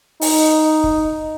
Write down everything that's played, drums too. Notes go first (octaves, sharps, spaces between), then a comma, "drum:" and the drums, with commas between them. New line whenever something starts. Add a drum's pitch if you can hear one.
D#4, drum: open hi-hat
drum: kick